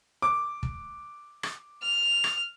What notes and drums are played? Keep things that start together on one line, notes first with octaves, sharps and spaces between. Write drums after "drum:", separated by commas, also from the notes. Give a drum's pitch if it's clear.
D6
drum: kick
drum: rim click
F6
drum: rim click